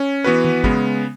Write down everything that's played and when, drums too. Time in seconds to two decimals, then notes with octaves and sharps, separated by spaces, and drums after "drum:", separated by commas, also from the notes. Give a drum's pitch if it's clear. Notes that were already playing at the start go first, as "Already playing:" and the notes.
Already playing: C#4
0.24 E3 B3 F#4 B4
0.45 drum: tom D#3
0.64 C#3 G#3 B3, drum: kick